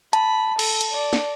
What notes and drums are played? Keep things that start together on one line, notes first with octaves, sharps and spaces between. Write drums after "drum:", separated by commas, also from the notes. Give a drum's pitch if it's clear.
A5 B5, drum: hi-hat
A4, drum: cymbal
drum: hi-hat
D5
drum: snare